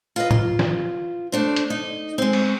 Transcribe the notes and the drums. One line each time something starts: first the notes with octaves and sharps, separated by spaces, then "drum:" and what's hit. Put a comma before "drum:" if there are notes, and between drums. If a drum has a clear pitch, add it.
F4 B4 D#5
F4, drum: tom A2
drum: snare
A3 D4 C5
drum: hi-hat
D#4
G#3 C4
drum: cymbal